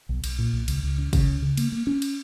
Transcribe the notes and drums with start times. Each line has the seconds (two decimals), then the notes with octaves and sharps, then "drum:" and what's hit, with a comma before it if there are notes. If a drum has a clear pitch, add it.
0.09 B1
0.24 B1, drum: cymbal
0.39 A#2
0.53 B1
0.68 C#2, drum: cymbal
0.83 C#2
0.98 C#3
1.13 C#3, drum: kick, cymbal
1.28 C#2
1.42 C#3
1.57 A#3, drum: cymbal
1.72 A#3
1.87 C#4
2.02 drum: cymbal